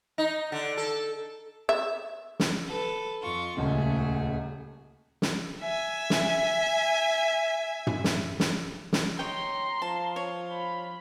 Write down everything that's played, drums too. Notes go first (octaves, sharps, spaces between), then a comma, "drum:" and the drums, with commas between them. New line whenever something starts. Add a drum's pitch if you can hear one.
D#4
D3
A4
E5
drum: snare
A4 B4
F2 F4 C#6
D#1 C#2 C#3 A3 F#4 G#4
drum: snare
E5 G#5
drum: snare
drum: tom
drum: snare
drum: snare
drum: snare
C#5 D#5 G5 A#5 C6
F3 A5
C#5
B5